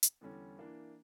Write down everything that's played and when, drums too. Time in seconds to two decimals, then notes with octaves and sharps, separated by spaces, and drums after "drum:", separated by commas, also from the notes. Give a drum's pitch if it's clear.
0.03 drum: hi-hat
0.21 E2 D3 G3 C#4
0.58 E3 A#3 D4